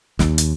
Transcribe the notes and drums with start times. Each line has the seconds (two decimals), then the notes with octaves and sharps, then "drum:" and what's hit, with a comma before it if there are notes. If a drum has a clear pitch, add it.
0.19 D#2, drum: snare
0.38 drum: hi-hat